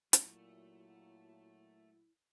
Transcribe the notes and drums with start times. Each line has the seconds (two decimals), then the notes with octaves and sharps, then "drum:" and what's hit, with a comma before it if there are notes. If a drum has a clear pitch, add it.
0.13 A#2 F#3 A3 E4, drum: hi-hat